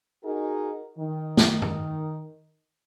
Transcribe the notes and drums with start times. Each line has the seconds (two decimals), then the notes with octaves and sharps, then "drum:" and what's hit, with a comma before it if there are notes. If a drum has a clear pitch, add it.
0.24 D#4 F#4 G#4 A#4
0.98 D#3
1.37 drum: snare
1.62 drum: tom G2